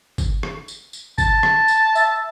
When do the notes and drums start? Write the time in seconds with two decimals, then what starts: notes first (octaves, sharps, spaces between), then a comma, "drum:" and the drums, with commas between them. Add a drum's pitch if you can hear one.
0.18 drum: kick G1, tambourine
0.43 drum: rim click
0.68 drum: tambourine
0.93 drum: tambourine
1.18 A5, drum: kick G1, tambourine
1.43 drum: rim click
1.68 drum: tambourine
1.95 E5, drum: tambourine